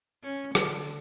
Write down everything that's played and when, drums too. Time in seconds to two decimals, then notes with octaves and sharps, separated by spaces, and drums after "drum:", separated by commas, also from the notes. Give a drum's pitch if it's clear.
0.24 C#4
0.55 D3, drum: rim click